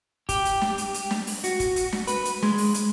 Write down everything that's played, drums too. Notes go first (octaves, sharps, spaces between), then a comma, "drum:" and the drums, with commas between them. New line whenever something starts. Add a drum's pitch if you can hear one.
G4, drum: kick, hi-hat
drum: hi-hat
drum: snare
drum: hi-hat
drum: hi-hat
drum: snare
drum: open hi-hat
F#4, drum: hi-hat
drum: kick, hi-hat
drum: hi-hat
drum: snare
B4, drum: hi-hat
drum: hi-hat
G#3, drum: snare
drum: open hi-hat
drum: hi-hat